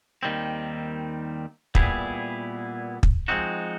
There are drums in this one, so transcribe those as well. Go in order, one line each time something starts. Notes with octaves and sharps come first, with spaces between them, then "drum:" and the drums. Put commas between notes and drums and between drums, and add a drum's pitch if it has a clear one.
D#2 D#3 G3 C4
A#2 G3 B3 E4 G#4, drum: kick
drum: kick
F3 G#3 C4 D#4 F#4